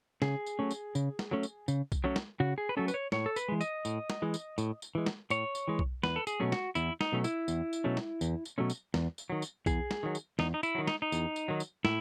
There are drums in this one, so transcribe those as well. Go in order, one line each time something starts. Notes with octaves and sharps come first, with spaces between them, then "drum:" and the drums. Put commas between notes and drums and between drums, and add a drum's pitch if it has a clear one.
C#3 G#4, drum: snare
drum: tambourine
F#3 A3 C#4
drum: tambourine
C#3, drum: tambourine
drum: snare
F#3 A3 C#4
drum: tambourine
C#3, drum: tambourine
drum: kick B1, tambourine
F#3 A3 C#4
drum: snare
C#3 F#4
G#4
B4
F#3 A3 C#4 A4
B4, drum: tambourine
C#5
A2 C#5, drum: snare
A4
B4, drum: tambourine
E3 G#3
D#5, drum: tambourine
A2, drum: tambourine
drum: snare
E3 G#3
drum: tambourine
A2, drum: tambourine
drum: tambourine
E3 G#3
drum: snare
A2 C#5, drum: tambourine
drum: tambourine
E3 G#3
drum: kick B1
E2 B4, drum: snare
A4
G#4, drum: tambourine
B2 F#3 A3 C#4
F#4, drum: snare
E2 E4, drum: tambourine
D#4, drum: snare
B2 F#3 A3 C#4
E4, drum: tambourine
E2, drum: tambourine
drum: tambourine
B2 F#3 A3 C#4
drum: snare
E2, drum: tambourine
drum: tambourine
B2 F#3 A3 C#4
drum: tambourine
E2, drum: snare
drum: tambourine
D#3 F#3
drum: tambourine
E2 G#4, drum: kick B1, tambourine
drum: snare
D#3 F#3
drum: tambourine
E2 D#4, drum: snare
D#4
E4, drum: tambourine
D#3 F#3
D#4, drum: snare
D#4
E2, drum: tambourine
drum: tambourine
D#3 F#3
drum: tambourine
A2 E4, drum: snare